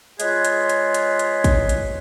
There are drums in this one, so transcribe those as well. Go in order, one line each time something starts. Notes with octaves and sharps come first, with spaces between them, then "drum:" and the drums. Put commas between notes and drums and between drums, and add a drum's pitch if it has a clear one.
G#3 F4 G#4 B4 C#5, drum: hi-hat
drum: hi-hat
drum: hi-hat
drum: hi-hat
drum: hi-hat
drum: kick, hi-hat
drum: hi-hat